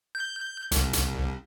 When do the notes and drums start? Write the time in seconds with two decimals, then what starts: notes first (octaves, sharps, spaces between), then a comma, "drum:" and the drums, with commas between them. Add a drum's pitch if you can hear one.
0.15 G6
0.72 C2, drum: hi-hat
0.93 drum: hi-hat